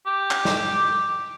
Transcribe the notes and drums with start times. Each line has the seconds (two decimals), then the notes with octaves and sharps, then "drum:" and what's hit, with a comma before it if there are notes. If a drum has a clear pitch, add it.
0.06 G4
0.31 drum: clap
0.45 drum: snare